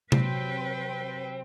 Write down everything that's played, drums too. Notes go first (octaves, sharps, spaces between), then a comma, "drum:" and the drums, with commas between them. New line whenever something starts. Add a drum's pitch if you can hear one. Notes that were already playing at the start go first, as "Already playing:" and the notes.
C3 F#3 C4 B4 G5, drum: tom C3